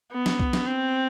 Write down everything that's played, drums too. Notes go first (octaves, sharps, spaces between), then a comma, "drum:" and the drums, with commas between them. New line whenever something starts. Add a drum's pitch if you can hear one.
B3
drum: snare
drum: kick C2
drum: snare
C4